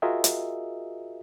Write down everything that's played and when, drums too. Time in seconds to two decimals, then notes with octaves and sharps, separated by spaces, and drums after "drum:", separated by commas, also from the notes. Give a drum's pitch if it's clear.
0.02 F4 F#4 G#4 A#4 D#5 E5
0.24 drum: hi-hat